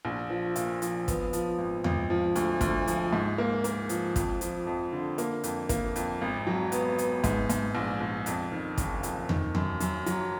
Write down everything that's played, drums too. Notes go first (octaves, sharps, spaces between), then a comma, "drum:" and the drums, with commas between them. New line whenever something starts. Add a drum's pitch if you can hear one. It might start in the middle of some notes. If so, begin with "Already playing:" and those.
A#1
F3
A#2, drum: hi-hat
F3, drum: hi-hat
B3, drum: kick, hi-hat
F3, drum: hi-hat
G#1
G#1, drum: tom E2
F3
D2, drum: hi-hat
D2, drum: kick, hi-hat
F3, drum: hi-hat
G#2
A#3
A#3, drum: hi-hat
F3, drum: hi-hat
F2, drum: kick, hi-hat
F3, drum: hi-hat
F2
D3
A#3, drum: hi-hat
F2, drum: hi-hat
A#3, drum: kick, hi-hat
F2, drum: hi-hat
G#1
F#3
B3, drum: hi-hat
B3, drum: hi-hat
G#2, drum: kick, hi-hat
G#2, drum: hi-hat
A#1
A#1
F2, drum: hi-hat
D#3
F#1, drum: kick, hi-hat
F2, drum: hi-hat
D#3, drum: tom E2
F#2, drum: tom E2
F#2, drum: hi-hat
F#3, drum: hi-hat